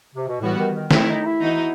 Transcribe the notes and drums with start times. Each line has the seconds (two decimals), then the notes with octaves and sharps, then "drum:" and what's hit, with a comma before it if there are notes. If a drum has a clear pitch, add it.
0.14 C3
0.27 B2
0.40 A2 E3 G3 B3 F#4
0.57 D#3
0.74 D#3
0.91 D#3 A3 C4 E4 G4, drum: snare
1.08 D#4
1.24 E4
1.41 E3 B3 D#4 F#4